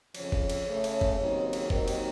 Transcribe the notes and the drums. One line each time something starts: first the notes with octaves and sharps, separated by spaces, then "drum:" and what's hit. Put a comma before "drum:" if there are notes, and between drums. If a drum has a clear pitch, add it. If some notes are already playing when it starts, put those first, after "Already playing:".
F2 C#3 F3 C#5, drum: cymbal
drum: kick
drum: cymbal
C#3 A3 C#4
drum: cymbal
drum: kick
D#2 C#3 F#3 C4 D#4
drum: cymbal
D#2 D#3 F#3 C4 D#4 A#4, drum: kick
drum: cymbal